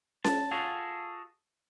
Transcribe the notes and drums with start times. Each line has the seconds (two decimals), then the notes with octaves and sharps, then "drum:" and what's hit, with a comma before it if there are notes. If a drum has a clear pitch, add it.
0.24 A5, drum: snare C#4
0.51 F4 F#4 G#4 A4